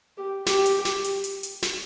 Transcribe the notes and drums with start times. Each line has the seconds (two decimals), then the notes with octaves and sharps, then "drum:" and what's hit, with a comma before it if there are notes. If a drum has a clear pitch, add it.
0.17 G4
0.46 G4, drum: snare
0.66 drum: hi-hat
0.85 drum: snare
1.04 drum: hi-hat
1.24 drum: hi-hat
1.43 drum: hi-hat
1.62 drum: snare